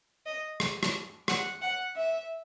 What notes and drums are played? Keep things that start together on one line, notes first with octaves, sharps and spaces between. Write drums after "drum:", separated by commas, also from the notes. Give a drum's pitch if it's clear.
D#5
drum: rim click
drum: rim click
F#5, drum: rim click
F#5
E5